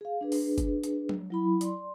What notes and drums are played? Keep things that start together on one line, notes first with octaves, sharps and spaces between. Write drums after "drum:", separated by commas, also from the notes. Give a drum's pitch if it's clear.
G#4 F5
D4 G#4 B4
drum: open hi-hat
drum: kick F#1, hi-hat
drum: hi-hat
drum: tom F#3
F#3 E4 B5
D5 C6, drum: hi-hat